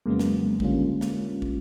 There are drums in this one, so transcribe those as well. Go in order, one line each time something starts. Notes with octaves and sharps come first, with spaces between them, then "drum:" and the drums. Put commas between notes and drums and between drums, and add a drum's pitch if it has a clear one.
F2 C#3 F#3 G#3 A#3 B3
drum: snare
D3 G3 A#3 C#4 F4, drum: kick
drum: snare
drum: kick